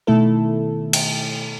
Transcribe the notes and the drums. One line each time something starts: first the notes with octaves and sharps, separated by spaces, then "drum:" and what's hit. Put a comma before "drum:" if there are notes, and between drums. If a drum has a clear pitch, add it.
B2 D#3 A3 E4 A4
drum: cymbal